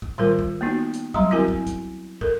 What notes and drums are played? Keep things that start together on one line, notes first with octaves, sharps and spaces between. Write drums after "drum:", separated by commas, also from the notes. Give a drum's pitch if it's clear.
drum: kick
D#3 G3 F4 A#4, drum: tom A2
drum: kick
A#3 B3 D#4 F#4
drum: hi-hat
F#3 G3 A#5 C6, drum: kick
C4 E4 F#4 A#4 G#5, drum: tom
drum: kick
drum: kick, hi-hat
A4 A#4, drum: kick